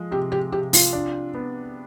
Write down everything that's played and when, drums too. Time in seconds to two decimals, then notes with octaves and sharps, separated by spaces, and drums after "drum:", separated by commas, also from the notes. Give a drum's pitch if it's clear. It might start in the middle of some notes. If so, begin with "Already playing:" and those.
Already playing: F3 G#3
0.11 C3 G4
0.32 G4
0.52 C3 G4
0.73 F4, drum: open hi-hat
0.93 D4
1.34 B3